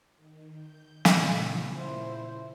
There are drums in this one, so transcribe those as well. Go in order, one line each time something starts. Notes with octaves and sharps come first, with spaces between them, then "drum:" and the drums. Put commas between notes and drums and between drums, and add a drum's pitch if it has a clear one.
D#3
G6
A#2 C#3, drum: snare
E4 C5